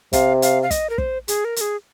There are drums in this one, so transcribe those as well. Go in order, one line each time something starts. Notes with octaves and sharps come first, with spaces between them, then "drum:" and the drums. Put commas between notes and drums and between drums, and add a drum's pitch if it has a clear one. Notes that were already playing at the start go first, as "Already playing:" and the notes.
C3 F5, drum: kick, hi-hat
F5, drum: hi-hat
F5
D#5, drum: kick, hi-hat
A#4
C5, drum: kick
G#4, drum: hi-hat
A#4
A#4, drum: hi-hat
G#4